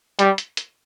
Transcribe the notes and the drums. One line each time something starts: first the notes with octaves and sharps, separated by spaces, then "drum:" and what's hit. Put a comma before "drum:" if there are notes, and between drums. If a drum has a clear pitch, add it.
G3, drum: hi-hat
drum: hi-hat
drum: hi-hat